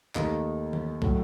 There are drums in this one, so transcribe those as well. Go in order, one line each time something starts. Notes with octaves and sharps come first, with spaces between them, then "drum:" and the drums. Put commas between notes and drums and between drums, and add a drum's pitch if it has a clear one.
D#2 D#3 A3 D#4, drum: clap
drum: tom D#3
A2 F#3 A3, drum: kick